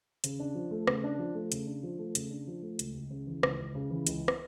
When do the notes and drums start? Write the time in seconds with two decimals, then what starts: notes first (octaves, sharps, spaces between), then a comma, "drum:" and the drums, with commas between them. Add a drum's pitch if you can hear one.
0.24 C#3, drum: hi-hat
0.39 D4
0.55 F3
0.71 A3
0.87 C#3, drum: rim click
1.04 D4
1.19 F3
1.34 A3
1.52 C#3, drum: hi-hat
1.67 D4
1.83 F3
1.99 A3
2.15 C#3, drum: hi-hat
2.30 D4
2.47 F3
2.62 A3
2.79 C#2, drum: hi-hat
2.94 C#2
3.10 C#3
3.27 E3
3.43 C#2, drum: rim click
3.59 C#2
3.75 C#3
3.91 E3
4.07 C#2, drum: hi-hat
4.28 drum: rim click